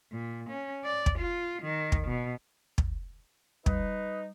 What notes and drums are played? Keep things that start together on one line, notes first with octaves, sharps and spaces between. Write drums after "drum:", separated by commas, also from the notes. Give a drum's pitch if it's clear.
A#2
C#4
D5
drum: kick
F4
D#3
drum: kick
B2
drum: kick
G3 D#4 B4, drum: kick